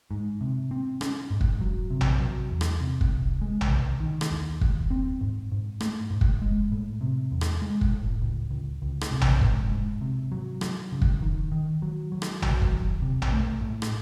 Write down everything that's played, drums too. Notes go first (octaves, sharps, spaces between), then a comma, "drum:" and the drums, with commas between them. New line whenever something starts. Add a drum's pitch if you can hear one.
G#2
C3
C4
C#4, drum: rim click
G#2
drum: kick
F#3
C3
drum: tom A#1
F#3
E2
drum: rim click
C3
drum: kick
C2
G#3
drum: tom A#1
C2
D#3
drum: rim click
D#2
D#2, drum: kick
C4
G#2
G#2
A3, drum: rim click
G#2
drum: kick
G#3
A2
C3
E2
drum: rim click
G#3
drum: kick
A2
C#2
C#2
C#2
drum: rim click
C3
drum: tom A#1
G#2, drum: kick
G#2
C3
F#3
F#3, drum: rim click
C#3
drum: kick
D#3
D#3
F#3
F#3
drum: rim click
F#3, drum: tom A#1
drum: kick
D#2
C3
drum: tom A#1
A3
A2
drum: rim click